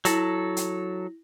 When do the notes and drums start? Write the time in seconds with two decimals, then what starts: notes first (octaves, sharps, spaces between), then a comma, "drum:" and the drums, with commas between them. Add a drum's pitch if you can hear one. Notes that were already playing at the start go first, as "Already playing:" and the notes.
0.05 F#3 E4 A4 A#6 F#7, drum: hi-hat
0.57 drum: hi-hat